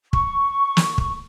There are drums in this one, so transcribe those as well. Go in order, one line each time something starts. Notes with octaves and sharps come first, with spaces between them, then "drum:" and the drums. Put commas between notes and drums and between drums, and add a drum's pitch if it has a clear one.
C#6, drum: kick
drum: snare
drum: kick